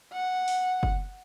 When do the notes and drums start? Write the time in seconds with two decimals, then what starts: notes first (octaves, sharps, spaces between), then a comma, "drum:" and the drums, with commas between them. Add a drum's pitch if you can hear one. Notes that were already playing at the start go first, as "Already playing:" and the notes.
0.13 F#5
0.48 drum: open hi-hat
0.83 drum: kick F#1